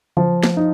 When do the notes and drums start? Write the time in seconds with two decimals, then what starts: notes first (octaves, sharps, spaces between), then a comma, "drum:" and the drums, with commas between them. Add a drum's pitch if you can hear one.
0.17 F3, drum: tom C#3
0.43 drum: snare
0.57 D#4